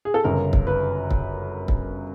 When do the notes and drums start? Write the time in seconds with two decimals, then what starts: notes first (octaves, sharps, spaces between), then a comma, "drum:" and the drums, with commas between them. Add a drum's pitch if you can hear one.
0.05 G#4
0.14 A4
0.24 G1 F#2 C#3 A#4
0.53 drum: kick
0.67 B4
1.11 drum: kick
1.68 drum: kick